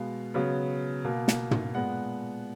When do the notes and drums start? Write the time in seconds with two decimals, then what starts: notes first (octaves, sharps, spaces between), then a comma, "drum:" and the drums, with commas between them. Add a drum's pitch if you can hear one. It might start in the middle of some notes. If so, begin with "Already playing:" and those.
Already playing: B2 G#3 B3 F5
0.34 C#3 F#3 B3
1.05 B2 A#3
1.28 drum: snare
1.51 drum: tom
1.74 A#2 G#3 B3 F#5